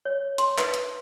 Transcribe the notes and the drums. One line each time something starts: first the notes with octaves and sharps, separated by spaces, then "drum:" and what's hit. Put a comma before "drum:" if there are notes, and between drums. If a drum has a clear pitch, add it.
C#5
C6, drum: hi-hat
B4, drum: clap
drum: hi-hat